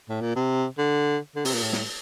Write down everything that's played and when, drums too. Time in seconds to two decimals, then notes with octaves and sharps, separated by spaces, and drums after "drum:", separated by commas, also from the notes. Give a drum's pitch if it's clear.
0.09 A2
0.21 A#2
0.36 C3
0.78 D3
1.35 D3
1.45 C3, drum: open hi-hat
1.54 A#2
1.63 A2
1.73 drum: snare